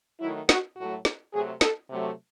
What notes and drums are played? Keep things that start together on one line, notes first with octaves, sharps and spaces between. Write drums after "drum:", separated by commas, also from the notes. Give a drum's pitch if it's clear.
D#3 F#3 A3 E4
F#4, drum: snare
A2 F#3 A3 F#4
drum: snare
C3 F#3 A3 G#4
A4, drum: snare
C3 F#3 A3